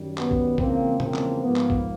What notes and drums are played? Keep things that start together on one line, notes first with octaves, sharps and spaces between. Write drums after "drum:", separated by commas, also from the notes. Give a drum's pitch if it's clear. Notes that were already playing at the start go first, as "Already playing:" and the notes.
Already playing: F#2 D#3 G3
B3, drum: clap
drum: kick A#1
E2 C#3 F3 G#3 A#3 C4, drum: kick A#1
A#3 C4, drum: tom
drum: clap
G#2 F3 A#3 B3
drum: clap
drum: kick A#1